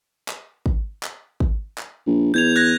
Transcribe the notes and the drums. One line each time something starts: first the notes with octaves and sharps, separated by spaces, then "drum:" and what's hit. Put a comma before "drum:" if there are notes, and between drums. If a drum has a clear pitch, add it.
drum: clap
drum: kick
drum: clap
drum: kick
drum: clap
A#1
E2 G6 G#6 F7
F#6 G#6 A#6